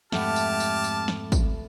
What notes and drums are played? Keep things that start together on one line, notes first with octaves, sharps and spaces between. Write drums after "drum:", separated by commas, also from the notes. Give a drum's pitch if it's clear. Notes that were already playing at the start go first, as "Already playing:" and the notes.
F2 G#2 A3 G4 F#5 A5 B5 F6, drum: snare
drum: tambourine
drum: tambourine
drum: tambourine
drum: snare
drum: kick, tambourine